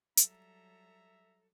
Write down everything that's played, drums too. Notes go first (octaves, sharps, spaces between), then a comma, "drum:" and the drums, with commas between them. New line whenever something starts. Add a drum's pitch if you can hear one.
F#3 G3 A4 E5 A#5, drum: hi-hat